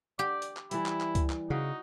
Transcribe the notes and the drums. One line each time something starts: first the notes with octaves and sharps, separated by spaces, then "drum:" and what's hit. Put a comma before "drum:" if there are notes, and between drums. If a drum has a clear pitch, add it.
G4 D5
drum: hi-hat
drum: clap
E3 G3 E4, drum: hi-hat
drum: clap
drum: clap
drum: kick C#2, hi-hat
drum: clap
C#3 D#4 F#4